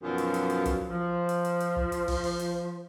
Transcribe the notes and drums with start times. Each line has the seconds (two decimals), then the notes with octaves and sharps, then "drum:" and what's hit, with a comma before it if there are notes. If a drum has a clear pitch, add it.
0.02 F#2 B2 D#3 F3 F#3 F4
0.18 drum: hi-hat
0.34 drum: hi-hat
0.50 drum: hi-hat
0.66 drum: kick, hi-hat
0.89 F3
1.29 drum: hi-hat
1.45 drum: hi-hat
1.60 drum: hi-hat
1.76 drum: kick
1.92 drum: hi-hat
2.08 drum: kick, open hi-hat
2.24 drum: open hi-hat
2.39 drum: hi-hat